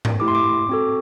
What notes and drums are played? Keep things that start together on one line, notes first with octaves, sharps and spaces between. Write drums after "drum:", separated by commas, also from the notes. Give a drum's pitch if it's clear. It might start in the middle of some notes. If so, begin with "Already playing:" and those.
drum: tom G#2
A3 E4 G4 D6
C6
D6
C4 F#4 A4